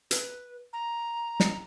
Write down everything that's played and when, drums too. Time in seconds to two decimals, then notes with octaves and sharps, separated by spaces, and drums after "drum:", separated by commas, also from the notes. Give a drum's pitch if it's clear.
0.11 B4, drum: hi-hat
0.73 A#5
1.40 drum: snare